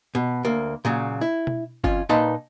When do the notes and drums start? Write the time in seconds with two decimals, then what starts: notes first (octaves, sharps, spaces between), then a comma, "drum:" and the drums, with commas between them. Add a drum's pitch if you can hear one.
0.15 B2
0.45 D2 A#3
0.85 A#2 C#3 F#3
1.21 E4
1.47 drum: tom B2
1.84 F2 C#4 F4, drum: kick F#1
2.09 A#2 D#4 B4 F5 A5 C6